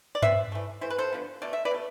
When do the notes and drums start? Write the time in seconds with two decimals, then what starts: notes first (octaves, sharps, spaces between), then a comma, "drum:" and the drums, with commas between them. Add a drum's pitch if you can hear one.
0.15 D5
0.22 C3 G#3 B3 C5 E5, drum: tom G2
0.52 E3 A3
0.81 E3 A3 C5
0.90 B4
0.98 A4 C5
1.13 D3 F3 B3
1.42 B2 A3 D5
1.53 E5
1.65 B4 D5
1.71 B2 A3